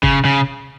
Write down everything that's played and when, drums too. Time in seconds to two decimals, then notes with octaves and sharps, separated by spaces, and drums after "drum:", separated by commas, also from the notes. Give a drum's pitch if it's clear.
0.03 C#3, drum: kick F#1
0.25 C#3